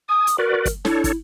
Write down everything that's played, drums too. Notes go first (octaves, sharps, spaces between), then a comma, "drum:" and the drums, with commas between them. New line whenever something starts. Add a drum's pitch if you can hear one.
G#5 D#6
drum: hi-hat
F#4 A#4 B4 D5
drum: kick, hi-hat
D4 E4 A4 C#5, drum: snare
drum: kick, hi-hat